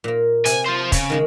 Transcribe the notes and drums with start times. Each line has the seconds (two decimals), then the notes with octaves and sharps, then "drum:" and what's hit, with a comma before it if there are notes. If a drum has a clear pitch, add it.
0.04 A#2 A#3
0.45 C3 G#5, drum: hi-hat
0.66 F4 C5
0.92 C#3 C#5, drum: kick, hi-hat
1.10 D#3 G#3 A#3